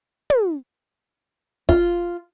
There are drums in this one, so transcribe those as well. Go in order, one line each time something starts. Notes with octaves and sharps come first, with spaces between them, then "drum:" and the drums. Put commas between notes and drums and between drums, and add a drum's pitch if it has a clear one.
drum: tom
F4, drum: kick